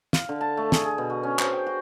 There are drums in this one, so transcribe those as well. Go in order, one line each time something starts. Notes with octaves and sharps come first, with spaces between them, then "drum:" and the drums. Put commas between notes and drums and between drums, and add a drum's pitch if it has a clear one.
F5, drum: snare
D3
A5
A3
G#4, drum: snare
G#4
B2
F#4
C#4
C5, drum: clap
G5
F#4